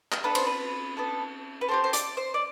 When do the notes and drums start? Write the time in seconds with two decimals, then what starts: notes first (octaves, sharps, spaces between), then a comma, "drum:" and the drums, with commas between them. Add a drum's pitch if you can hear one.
0.12 drum: clap
0.24 B3 D4 A4 B4
0.35 C5, drum: cymbal
0.47 B4
0.97 B3 D4 A4
1.61 B4
1.69 A3 C4 G4 C5
1.84 C5
1.93 D5, drum: hi-hat
2.17 C5
2.34 D5